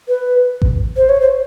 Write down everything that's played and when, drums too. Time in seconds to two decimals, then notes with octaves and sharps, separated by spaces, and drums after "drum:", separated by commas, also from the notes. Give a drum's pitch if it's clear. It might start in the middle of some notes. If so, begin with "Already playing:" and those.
0.08 B4
0.62 drum: kick A1
0.97 C5
1.09 C#5
1.21 C5